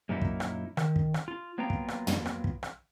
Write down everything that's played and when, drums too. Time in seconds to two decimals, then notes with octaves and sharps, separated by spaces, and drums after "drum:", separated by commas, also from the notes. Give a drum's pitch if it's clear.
0.09 F#2 A#2 F#3 A#3 D#4 E4
0.22 drum: kick
0.40 drum: rim click
0.77 D#3, drum: rim click
0.96 drum: kick
1.14 drum: rim click
1.28 F4
1.58 F#3 A#3 B3 F4 G5 A#5
1.70 drum: kick
1.88 drum: rim click
2.07 drum: tom
2.26 drum: rim click
2.44 drum: kick
2.63 drum: rim click